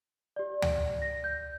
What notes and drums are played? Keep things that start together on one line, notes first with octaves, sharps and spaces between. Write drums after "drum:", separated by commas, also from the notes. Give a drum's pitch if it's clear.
G4 D5
drum: tom D2
A#6
G6